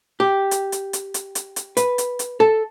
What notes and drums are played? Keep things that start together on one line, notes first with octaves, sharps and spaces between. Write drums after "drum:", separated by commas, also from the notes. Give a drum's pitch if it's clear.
G4
drum: hi-hat
drum: hi-hat
drum: hi-hat
drum: hi-hat
drum: hi-hat
drum: hi-hat
B4, drum: hi-hat
drum: hi-hat
drum: hi-hat
A4